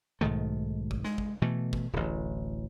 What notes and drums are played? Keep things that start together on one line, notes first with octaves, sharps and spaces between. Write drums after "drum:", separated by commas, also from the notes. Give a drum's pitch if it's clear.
B1 G#2 D#3 A3
drum: kick
G#3, drum: snare
drum: kick
B2 E3 A3
drum: kick
D1 A1